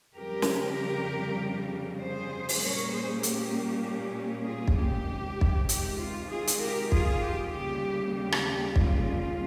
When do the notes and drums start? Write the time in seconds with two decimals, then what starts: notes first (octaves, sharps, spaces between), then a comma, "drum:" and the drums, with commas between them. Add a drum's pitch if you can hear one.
0.17 F2 C#3 G3 G4 A#4
0.42 drum: snare
2.01 G#4 C5
2.49 drum: open hi-hat
2.62 A#2 G3 A#3 C#4 A#4 C#5
2.93 G#4 C5
3.23 G4 A#4, drum: hi-hat
4.46 F4 G#4
4.68 drum: kick
4.77 G4
5.08 C3 D#3 G#3
5.41 drum: kick
5.69 G4, drum: hi-hat
5.99 F4
6.30 F4 G#4
6.47 drum: hi-hat
6.61 G4 A#4
6.92 F4 G#4, drum: kick
7.22 G4
7.53 D#2 C#3 G3 G4
8.15 G4
8.32 drum: rim click
8.76 F4, drum: kick